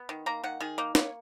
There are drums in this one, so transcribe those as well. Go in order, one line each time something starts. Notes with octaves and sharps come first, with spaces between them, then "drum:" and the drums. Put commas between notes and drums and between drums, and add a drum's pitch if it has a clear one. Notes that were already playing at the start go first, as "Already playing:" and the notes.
Already playing: B3
D#3
A#3 A#5
D#3 F#5
D#3 G#4
A#3 D#4
A#3 C#5, drum: snare